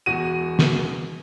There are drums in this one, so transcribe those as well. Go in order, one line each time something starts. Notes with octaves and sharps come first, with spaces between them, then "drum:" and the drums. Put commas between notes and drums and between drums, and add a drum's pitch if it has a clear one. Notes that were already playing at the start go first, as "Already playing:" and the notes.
E1 F#4 D#7
drum: snare